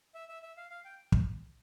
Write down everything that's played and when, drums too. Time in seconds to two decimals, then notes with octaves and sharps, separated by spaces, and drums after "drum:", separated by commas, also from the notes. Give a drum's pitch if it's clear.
0.15 E5
0.29 E5
0.43 E5
0.57 F5
0.70 F5
0.85 G5
1.12 drum: kick